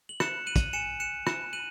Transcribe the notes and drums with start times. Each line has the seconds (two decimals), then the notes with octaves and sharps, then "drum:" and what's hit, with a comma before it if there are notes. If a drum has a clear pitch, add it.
0.09 F#7
0.20 F#6 C#7 E7, drum: rim click
0.47 F#6 D#7 F#7
0.56 drum: kick, hi-hat
0.73 G#5 C#7 E7
1.00 F#6 C#7 E7
1.27 F#6 C#7 E7, drum: rim click
1.53 F#6 D#7 F#7